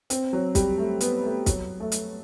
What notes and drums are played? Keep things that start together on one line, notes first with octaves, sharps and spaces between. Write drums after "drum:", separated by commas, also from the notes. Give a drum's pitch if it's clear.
C4, drum: hi-hat
F#3
G3, drum: kick, hi-hat
A3
B3, drum: hi-hat
A3
F#3, drum: kick, hi-hat
A3
drum: hi-hat